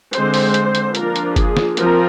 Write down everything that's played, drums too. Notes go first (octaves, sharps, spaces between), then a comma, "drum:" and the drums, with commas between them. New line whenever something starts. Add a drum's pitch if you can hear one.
D3 G#3 C4 C5, drum: hi-hat
drum: open hi-hat
drum: hi-hat
drum: hi-hat
F3 A#3 D4 F4 A#4, drum: hi-hat
drum: hi-hat
G#4, drum: kick F#1, hi-hat
drum: snare
F3 C4 F4 A#4, drum: hi-hat